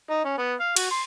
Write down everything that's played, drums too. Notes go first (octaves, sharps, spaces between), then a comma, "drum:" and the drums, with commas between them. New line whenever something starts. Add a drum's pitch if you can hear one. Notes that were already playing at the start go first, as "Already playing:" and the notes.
D#4
C#4
B3
F5
F#4, drum: cymbal
C6